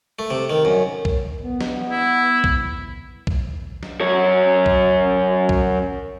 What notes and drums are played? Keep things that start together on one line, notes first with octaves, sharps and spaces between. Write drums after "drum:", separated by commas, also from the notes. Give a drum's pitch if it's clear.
A3
C3
D#3
F#2
drum: kick B1
B3
drum: snare
E4
drum: kick B1
drum: kick B1
drum: snare
F#2 C#5
drum: kick B1
drum: kick B1